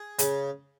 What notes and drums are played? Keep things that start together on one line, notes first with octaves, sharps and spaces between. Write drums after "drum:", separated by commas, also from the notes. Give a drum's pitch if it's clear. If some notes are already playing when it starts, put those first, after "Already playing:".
Already playing: G#4
C#3, drum: hi-hat